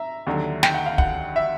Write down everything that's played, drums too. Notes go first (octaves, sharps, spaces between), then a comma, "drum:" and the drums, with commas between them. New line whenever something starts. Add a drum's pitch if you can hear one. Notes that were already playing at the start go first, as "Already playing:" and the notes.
Already playing: E5 A#5
D#2 D3 F#3
G5, drum: snare
F#5
F5
F#5, drum: kick
E5